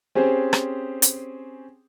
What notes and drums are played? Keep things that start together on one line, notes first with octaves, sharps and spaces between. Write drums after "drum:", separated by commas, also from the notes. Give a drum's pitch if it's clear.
C4 C#4 G4 G#4 C5
drum: rim click
drum: hi-hat